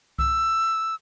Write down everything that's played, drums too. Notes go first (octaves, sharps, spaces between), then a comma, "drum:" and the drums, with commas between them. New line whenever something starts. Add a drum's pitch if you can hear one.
E6, drum: kick C2